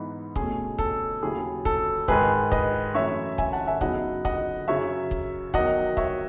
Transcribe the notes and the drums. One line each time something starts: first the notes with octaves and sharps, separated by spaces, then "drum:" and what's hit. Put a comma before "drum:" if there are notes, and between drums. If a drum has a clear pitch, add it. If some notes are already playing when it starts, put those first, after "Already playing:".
Already playing: G#2 E3 B3 D#4
B2 A3 C#4 G#4, drum: kick
A4, drum: kick
D#2 C#3 F#3 C#4 E4 G#4
A4, drum: kick
G#2 D#3 G#3 G#4 B4, drum: kick
B4 D#5, drum: kick
F#2 E3 A3 C#4 C#5 E5
E5 G#5, drum: kick
F#5 A5
E5 G#5
F#2 C#3 F#3 B3 D#4 D#5 F#5, drum: kick
D#5 F#5, drum: kick
F#2 C#3 F#3 C#5 E5
drum: kick
E2 D#3 F#3 D#5 F#5, drum: kick
C#5 E5, drum: kick